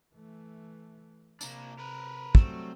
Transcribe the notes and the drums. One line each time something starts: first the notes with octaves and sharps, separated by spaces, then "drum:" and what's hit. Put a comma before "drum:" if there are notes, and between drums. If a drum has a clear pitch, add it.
E3 A3
C3 A#3 D4, drum: tambourine
A#4 B4
F#3 G3 A3 C4, drum: kick